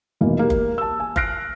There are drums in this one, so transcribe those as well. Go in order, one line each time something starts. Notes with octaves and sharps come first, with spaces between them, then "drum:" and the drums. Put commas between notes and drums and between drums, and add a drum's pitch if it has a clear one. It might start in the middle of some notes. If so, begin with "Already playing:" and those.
F1 B2 E3 A#3
A#3 G4
drum: kick F#1
A5 E6
G#5
F6 F#6 A#6 C7 D7, drum: kick F#1